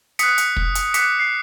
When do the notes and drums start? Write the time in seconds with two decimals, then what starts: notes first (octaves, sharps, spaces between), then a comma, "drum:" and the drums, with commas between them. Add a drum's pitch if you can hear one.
0.19 D#6 F#6 B6 C#7, drum: hi-hat
0.38 drum: hi-hat
0.57 drum: kick
0.75 drum: hi-hat
0.94 D6 F#6 B6 C#7, drum: hi-hat
1.19 C7